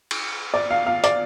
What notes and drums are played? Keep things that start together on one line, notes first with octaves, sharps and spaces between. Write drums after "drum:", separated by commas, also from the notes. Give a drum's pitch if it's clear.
drum: cymbal
D5
F5
F5
D5, drum: hi-hat